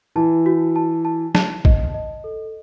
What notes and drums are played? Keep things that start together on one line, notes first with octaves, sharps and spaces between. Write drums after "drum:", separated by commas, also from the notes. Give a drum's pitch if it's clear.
E3 A5
F#4
A5
A5
A5, drum: snare
D#5, drum: kick
D#5
A4